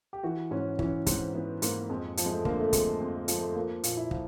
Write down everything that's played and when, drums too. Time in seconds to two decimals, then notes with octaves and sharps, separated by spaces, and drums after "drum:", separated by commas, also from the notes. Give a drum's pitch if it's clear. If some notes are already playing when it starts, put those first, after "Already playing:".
0.13 G4
0.23 E3 F#4
0.51 G#2 C#4
0.79 E3 C#4, drum: kick
1.06 G#2 C4, drum: kick, hi-hat
1.34 E3 B3
1.62 G#2 A#3, drum: hi-hat
1.90 F2 G#3
2.17 F3, drum: hi-hat
2.26 G#3
2.31 A3
2.45 D3 A#3, drum: kick
2.60 A3
2.73 F2 G#3, drum: kick, hi-hat
3.00 F2
3.14 A3
3.28 F3 G#3, drum: hi-hat
3.41 A3
3.56 F3 A#3
3.84 A#2, drum: hi-hat
3.97 E4
4.11 F3, drum: kick